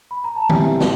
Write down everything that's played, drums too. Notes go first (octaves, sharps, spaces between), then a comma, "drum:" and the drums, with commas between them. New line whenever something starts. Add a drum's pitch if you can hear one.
B5
A#5
A5
B2 G3 C4 E4 G#5, drum: tom
B2 G3, drum: snare